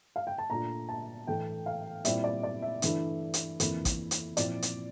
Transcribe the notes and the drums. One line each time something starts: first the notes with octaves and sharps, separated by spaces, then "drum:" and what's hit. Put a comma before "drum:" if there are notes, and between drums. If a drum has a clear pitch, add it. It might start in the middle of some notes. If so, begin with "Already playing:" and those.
F5
G5
A5
A#2 A3 D4 F4 A#5
A5
A2 E3 A3 G5
F5
A#2 G3 C4 E4 E5, drum: hi-hat
D5
D5
E5
G2 E3 A3 E4, drum: hi-hat
drum: hi-hat
F2 E3 A#3 E4, drum: hi-hat
drum: kick A1, hi-hat
drum: hi-hat
A#2 F3 C4 E4 D5, drum: hi-hat
drum: hi-hat